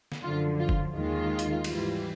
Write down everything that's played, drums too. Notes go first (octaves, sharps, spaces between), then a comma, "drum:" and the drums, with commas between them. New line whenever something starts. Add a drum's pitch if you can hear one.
drum: snare
F#2 D3 F3 F4
F4
drum: kick
D#2 D#3 G#3 F4
drum: hi-hat
G#2 E3 G3, drum: cymbal